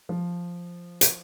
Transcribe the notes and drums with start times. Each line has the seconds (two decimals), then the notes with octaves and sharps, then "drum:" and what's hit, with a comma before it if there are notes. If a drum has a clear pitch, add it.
0.09 F3
1.01 drum: hi-hat